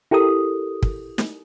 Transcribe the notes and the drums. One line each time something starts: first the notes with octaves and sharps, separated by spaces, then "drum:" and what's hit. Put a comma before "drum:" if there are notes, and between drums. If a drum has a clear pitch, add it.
E4 G4 A4 A#4 D#6
drum: kick
drum: snare